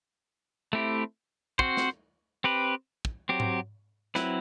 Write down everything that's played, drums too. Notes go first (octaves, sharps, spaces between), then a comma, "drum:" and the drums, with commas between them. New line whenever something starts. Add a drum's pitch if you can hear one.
A3 C4 E4 G4
C4 F#4 C5, drum: kick
drum: snare
C4 G4 B4
drum: kick
F#3 C4 G4
drum: tom G#2
F#3 C4 E4 B4, drum: snare